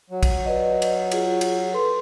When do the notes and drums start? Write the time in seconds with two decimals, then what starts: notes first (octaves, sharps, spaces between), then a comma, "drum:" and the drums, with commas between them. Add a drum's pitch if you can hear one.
0.10 F#3
0.23 drum: kick, cymbal
0.46 B4 D5 D#5
0.82 drum: cymbal
1.12 F4 G#4, drum: cymbal
1.41 drum: cymbal
1.72 A4 B4 C6